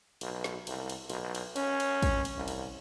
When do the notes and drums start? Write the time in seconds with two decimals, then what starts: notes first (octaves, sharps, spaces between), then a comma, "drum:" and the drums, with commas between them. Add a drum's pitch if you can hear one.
0.21 B1, drum: cymbal
0.44 drum: snare
0.67 C2, drum: cymbal
0.90 drum: cymbal
1.10 B1, drum: cymbal
1.35 drum: cymbal
1.56 C#4, drum: cymbal
1.80 drum: cymbal
2.02 drum: kick, cymbal
2.25 drum: cymbal
2.37 C2
2.48 drum: cymbal